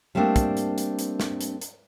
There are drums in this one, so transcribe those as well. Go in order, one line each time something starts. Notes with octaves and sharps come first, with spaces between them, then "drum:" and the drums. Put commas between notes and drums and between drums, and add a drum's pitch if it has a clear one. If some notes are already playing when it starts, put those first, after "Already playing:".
G3 A3 A#3 C4 D4
drum: kick, hi-hat
drum: hi-hat
drum: hi-hat
drum: hi-hat
drum: snare
drum: hi-hat
drum: hi-hat